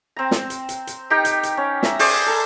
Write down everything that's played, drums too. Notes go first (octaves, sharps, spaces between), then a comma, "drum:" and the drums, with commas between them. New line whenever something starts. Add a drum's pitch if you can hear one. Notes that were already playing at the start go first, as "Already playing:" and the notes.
C4 A#5
drum: snare
drum: hi-hat
drum: hi-hat
drum: hi-hat
D#4 G4 A#4 G5
drum: hi-hat
drum: hi-hat
C#4
E5 A#5, drum: snare
G#4 C5 D5 C#6, drum: open hi-hat
A4 A#4